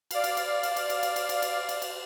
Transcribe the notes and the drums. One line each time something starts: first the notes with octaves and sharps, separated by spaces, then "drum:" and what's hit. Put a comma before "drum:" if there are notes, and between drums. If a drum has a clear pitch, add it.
D5 F5, drum: cymbal
drum: cymbal
drum: cymbal
drum: cymbal
drum: cymbal
drum: cymbal
drum: cymbal
drum: cymbal
drum: cymbal
drum: cymbal
drum: cymbal
drum: cymbal